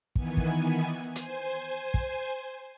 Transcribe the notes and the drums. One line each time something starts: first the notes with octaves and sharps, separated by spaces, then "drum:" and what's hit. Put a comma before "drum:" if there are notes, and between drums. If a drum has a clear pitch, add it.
D#3 E3 B3 G#5, drum: kick
drum: kick
C5 G#5, drum: hi-hat
drum: kick